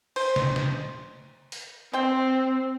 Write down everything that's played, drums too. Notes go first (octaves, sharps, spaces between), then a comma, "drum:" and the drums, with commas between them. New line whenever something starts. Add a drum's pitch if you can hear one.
C5, drum: cymbal
drum: snare
drum: snare
drum: open hi-hat
C4 C5 G5